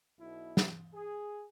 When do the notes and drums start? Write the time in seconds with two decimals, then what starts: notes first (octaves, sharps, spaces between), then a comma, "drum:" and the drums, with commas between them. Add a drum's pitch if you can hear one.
0.20 B1 B2 E4
0.57 drum: snare
0.94 G#4